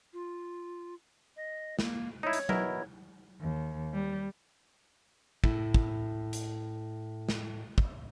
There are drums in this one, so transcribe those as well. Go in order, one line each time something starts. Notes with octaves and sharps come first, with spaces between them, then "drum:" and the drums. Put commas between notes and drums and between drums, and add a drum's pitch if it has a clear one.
F4
D#5
A#3, drum: snare
D#4 E4 C#5
drum: hi-hat
B2 E4 A#4, drum: tom F#3
D#2
G3
A2 E4, drum: kick
drum: kick
drum: hi-hat
drum: snare
drum: kick